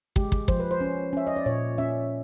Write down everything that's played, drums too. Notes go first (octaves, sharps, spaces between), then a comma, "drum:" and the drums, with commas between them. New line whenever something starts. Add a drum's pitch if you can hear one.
G#3 G4, drum: kick
drum: kick
F3 C5, drum: kick
B4
C5
C#4
C#4 E5
D#5
D5
A#2 C#5
C#4 E5